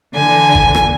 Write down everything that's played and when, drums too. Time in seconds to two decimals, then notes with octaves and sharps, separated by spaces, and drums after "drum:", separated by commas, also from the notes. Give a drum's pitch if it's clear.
0.15 D3 E3 G#5
0.55 drum: kick
0.75 drum: rim click